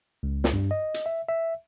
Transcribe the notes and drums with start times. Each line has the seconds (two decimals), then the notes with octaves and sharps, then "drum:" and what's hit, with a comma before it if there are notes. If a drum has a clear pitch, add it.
0.23 C#2
0.44 drum: snare
0.53 G2
0.71 D#5
0.94 drum: hi-hat
1.06 E5
1.29 E5